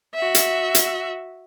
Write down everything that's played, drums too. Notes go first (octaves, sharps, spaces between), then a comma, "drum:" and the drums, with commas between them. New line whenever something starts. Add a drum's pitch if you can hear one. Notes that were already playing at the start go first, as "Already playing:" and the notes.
F#4 E5
drum: hi-hat
drum: hi-hat